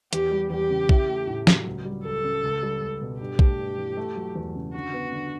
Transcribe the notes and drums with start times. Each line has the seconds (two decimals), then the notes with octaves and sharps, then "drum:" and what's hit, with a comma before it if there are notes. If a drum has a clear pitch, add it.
0.13 E2 G4, drum: hi-hat
0.31 G3
0.50 E2 G4
0.70 C#3
0.89 E4, drum: kick A#1
1.09 A3
1.27 A2
1.47 F#3, drum: snare
1.67 C#2
1.85 G3
2.05 C#2 A4
2.24 C#3
2.44 C#2
2.62 G3
2.82 C#2
3.01 B2
3.20 G2 G4
3.39 A3, drum: kick A#1
3.59 G2
3.78 E3
3.97 A3
4.16 F#3
4.36 E2
4.55 C#3
4.74 D3 F#4
4.94 B3
5.12 D3